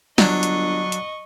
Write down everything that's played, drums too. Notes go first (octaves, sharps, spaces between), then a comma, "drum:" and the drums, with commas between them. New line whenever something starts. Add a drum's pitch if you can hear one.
G1 F#3 D4 D#5 C#6, drum: snare
drum: hi-hat
drum: hi-hat